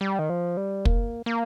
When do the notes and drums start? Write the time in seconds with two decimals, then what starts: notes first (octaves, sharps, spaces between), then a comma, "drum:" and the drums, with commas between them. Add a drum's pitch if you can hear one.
0.01 G3
0.19 D#3
0.30 F3
0.57 G3
0.85 A#3, drum: kick
1.26 A#3